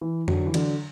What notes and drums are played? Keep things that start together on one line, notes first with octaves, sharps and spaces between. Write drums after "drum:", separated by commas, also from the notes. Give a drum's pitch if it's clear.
E3
D3 F#3, drum: tom F2
E3
D3 F#3, drum: cymbal